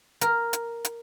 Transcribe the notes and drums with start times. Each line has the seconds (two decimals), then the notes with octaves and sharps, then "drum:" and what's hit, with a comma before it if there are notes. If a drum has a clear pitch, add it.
0.21 A#4, drum: hi-hat
0.53 drum: hi-hat
0.85 drum: hi-hat